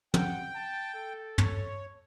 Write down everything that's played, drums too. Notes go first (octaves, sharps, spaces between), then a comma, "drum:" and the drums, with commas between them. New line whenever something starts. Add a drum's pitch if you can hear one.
F#5 G5, drum: tom
A5
A4
C#5, drum: tom